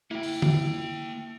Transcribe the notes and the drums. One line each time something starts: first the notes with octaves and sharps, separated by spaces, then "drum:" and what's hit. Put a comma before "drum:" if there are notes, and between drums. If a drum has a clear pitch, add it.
A#3 E4 G5
drum: open hi-hat
drum: tom